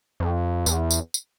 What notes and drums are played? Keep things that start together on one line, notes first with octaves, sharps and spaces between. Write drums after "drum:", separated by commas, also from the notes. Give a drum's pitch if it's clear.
F2
E2, drum: tambourine
drum: tambourine
drum: tambourine